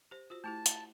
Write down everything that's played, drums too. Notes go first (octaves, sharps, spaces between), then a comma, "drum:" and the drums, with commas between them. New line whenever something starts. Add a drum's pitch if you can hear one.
G4 C5
F4 F#4 C5
A3 E4 G4 A5
drum: hi-hat